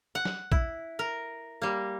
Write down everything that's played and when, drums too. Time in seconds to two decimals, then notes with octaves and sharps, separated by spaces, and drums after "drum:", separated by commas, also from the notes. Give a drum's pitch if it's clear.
0.15 F#5
0.25 drum: snare
0.52 E4, drum: kick
0.99 A#4
1.62 G3 A#3